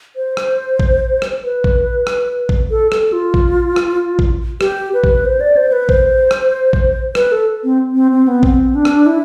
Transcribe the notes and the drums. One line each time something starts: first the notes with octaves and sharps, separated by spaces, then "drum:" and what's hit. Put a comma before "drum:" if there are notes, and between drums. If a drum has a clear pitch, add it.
C5
drum: rim click
drum: kick
drum: rim click
B4
drum: kick
drum: rim click
drum: kick
A4
A4, drum: rim click
F4
drum: kick
drum: rim click
drum: kick
G4, drum: rim click
B4
drum: kick
C5
D5
C5
B4
C5, drum: kick
drum: rim click
drum: kick
B4, drum: rim click
A4
C4
C4
C4
B3
C4, drum: kick
D4
drum: rim click
E4